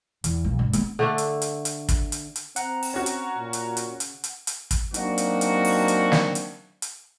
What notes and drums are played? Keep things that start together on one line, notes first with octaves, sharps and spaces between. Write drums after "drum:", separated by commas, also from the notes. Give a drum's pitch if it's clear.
E2, drum: hi-hat
B1 F3
G2
A#3 B3, drum: hi-hat
D3 A3 D4
drum: hi-hat
drum: hi-hat
drum: hi-hat
drum: kick, hi-hat
drum: hi-hat
drum: hi-hat
C4 F#5 A#5, drum: hi-hat
drum: open hi-hat
C#4 F#4
drum: hi-hat
A#2
drum: hi-hat
drum: hi-hat
C#3
drum: hi-hat
drum: hi-hat
drum: hi-hat
drum: kick, hi-hat
F#3 A#3 C4 D4 D#4 F#4, drum: hi-hat
drum: hi-hat
drum: hi-hat
drum: open hi-hat
drum: hi-hat
drum: snare
drum: hi-hat
drum: hi-hat